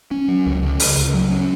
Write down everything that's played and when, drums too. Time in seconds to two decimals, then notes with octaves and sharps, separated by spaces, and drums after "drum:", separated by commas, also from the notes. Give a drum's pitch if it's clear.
0.11 C#4
0.28 F#3
0.46 C#2
0.62 C#3
0.80 C#2, drum: open hi-hat
0.97 C#2
1.13 F#3
1.31 C#4